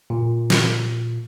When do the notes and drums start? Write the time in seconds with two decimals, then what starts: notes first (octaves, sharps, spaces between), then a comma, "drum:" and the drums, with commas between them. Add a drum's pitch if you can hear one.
0.10 A#2
0.50 drum: snare